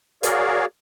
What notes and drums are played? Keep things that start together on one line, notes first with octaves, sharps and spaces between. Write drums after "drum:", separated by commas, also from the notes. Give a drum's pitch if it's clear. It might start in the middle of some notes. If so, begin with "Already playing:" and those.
F#4 G#4 A#4 C#5 D5 F5, drum: hi-hat